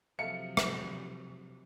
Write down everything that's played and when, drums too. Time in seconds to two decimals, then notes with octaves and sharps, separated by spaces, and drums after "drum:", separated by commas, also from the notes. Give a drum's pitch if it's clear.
0.19 C3 F3 F#3 A4 E5 F5 C#7
0.57 drum: rim click